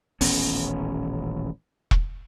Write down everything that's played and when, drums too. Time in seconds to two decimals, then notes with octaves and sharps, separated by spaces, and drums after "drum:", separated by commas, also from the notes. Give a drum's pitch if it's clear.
0.21 D#1 A1 B3 C#4, drum: open hi-hat
1.91 drum: kick E1